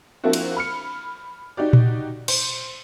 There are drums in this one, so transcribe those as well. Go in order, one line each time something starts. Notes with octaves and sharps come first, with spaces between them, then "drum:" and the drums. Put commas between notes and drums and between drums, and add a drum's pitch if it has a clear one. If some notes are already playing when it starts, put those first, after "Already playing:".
F3 A#3 C4 D4 E4 F#4
drum: cymbal
B5 F6 C#7
D#4 F#4 G4 D5
drum: tom A#2
C5, drum: cymbal